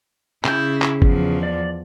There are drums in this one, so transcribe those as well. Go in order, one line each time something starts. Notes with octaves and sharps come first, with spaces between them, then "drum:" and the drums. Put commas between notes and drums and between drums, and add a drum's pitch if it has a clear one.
C#3 E4 G6, drum: clap
drum: clap
E2 F3, drum: kick
D5